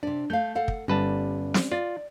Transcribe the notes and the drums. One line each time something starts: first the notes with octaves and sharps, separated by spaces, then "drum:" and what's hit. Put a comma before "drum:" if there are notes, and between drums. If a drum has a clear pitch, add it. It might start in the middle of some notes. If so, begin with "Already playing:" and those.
C3 D4 D5
A3 F5 G6
A4 F5 F#5
drum: kick
G1 G3 C#4 B4 D5 A5
drum: snare
F4 D5